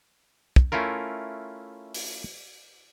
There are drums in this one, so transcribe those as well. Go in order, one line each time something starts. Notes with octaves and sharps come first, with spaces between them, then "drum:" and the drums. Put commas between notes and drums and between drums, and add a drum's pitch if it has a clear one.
drum: kick
A3 C#4 E4 F4 A#4
drum: open hi-hat